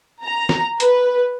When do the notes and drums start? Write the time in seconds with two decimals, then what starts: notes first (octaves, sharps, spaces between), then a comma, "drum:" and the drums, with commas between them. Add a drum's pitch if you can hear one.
0.24 A#5
0.49 drum: snare
0.80 B4, drum: hi-hat